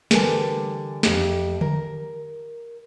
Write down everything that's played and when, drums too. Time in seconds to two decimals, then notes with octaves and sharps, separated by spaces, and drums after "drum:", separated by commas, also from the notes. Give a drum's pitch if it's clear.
0.11 D3 E3 G3 A#4 G#5 A5, drum: snare
1.03 F2 G4 E5 F5, drum: snare
1.61 A#4, drum: tom D3